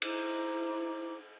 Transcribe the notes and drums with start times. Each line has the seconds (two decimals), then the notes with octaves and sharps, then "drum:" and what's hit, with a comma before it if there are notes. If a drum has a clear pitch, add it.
0.02 D#4 E4 C5 D6, drum: cymbal